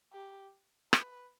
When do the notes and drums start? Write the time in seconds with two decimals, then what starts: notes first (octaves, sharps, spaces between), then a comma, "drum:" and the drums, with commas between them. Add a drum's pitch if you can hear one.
0.13 G4
0.93 B4, drum: rim click